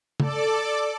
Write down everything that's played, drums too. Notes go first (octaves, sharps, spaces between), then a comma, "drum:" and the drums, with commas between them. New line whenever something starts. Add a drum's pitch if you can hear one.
A4 D5 D6, drum: tom C#3